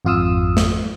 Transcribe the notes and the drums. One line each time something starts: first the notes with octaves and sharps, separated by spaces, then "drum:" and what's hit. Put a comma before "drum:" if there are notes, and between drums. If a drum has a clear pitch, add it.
G#1 F2 F4 F5 D#6 E6
drum: snare